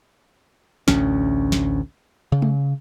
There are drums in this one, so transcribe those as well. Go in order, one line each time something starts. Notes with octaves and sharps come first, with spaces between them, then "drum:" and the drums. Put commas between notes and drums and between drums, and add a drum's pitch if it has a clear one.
A1 D2 C#4, drum: snare
drum: snare
C#3
drum: tom G#3